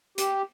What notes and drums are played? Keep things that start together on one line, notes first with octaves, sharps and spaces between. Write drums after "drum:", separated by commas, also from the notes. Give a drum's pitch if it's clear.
G4, drum: hi-hat